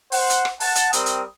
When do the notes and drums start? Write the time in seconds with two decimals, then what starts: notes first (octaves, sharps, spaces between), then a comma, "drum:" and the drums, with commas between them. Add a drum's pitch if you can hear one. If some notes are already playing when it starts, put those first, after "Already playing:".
0.12 C5 F#5, drum: open hi-hat
0.30 drum: hi-hat
0.45 drum: rim click
0.60 F#5 A5, drum: open hi-hat
0.75 drum: hi-hat
0.93 G3 C4 A#4 D#6, drum: hi-hat
1.06 drum: hi-hat